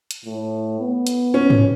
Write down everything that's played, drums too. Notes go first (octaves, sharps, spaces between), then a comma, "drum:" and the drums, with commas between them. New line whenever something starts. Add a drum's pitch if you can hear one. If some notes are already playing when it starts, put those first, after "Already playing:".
drum: hi-hat
A2
B3
drum: hi-hat
C#4
drum: tom G#2